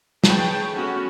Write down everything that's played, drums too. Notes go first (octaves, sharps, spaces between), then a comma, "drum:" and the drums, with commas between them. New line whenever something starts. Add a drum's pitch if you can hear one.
G#4 B4 C#5 G5 A5, drum: snare
A3 B3 C#4 F#4